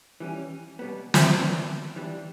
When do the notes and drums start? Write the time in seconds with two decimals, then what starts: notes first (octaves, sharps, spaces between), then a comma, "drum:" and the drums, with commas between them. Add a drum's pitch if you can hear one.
0.20 E3 G3 C#4
0.79 B2 G3 B3
1.14 drum: snare
1.38 E3 B3 D4
1.96 E3 G3 D4